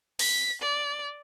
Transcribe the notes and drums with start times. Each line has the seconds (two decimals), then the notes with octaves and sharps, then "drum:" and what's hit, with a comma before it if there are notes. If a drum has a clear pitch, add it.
0.19 B6, drum: open hi-hat
0.62 D5